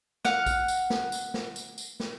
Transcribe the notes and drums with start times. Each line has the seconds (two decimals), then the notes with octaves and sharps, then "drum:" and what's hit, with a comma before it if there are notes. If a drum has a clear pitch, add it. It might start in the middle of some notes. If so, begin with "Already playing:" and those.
0.25 F5 F#5, drum: snare
0.46 drum: kick A#1, tambourine
0.68 drum: tambourine
0.90 drum: snare
1.12 drum: tambourine
1.34 drum: snare
1.56 drum: tambourine
1.78 drum: tambourine
2.00 drum: snare